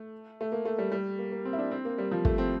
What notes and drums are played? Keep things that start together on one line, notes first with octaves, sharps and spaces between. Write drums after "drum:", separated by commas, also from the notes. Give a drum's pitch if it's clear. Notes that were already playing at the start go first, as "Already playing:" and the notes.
Already playing: A3
A3
A#3
A3
G3
G3
A#3
A#3
C4
E4
D4
C4
A#3
G3
F3
A3, drum: kick
C4